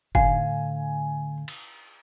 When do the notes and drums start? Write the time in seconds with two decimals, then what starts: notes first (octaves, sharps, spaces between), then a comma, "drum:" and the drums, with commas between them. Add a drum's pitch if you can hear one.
0.15 A2 D3 F5 G#5, drum: kick F#1
1.48 drum: cymbal